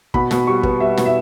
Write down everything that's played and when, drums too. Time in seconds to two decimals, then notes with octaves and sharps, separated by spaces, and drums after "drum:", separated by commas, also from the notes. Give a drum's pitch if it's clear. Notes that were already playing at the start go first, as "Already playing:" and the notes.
0.14 B2 B5, drum: kick
0.31 B2, drum: snare
0.47 G3 C#6
0.63 B3, drum: kick
0.80 G3 E5
0.97 B2, drum: snare
1.06 E5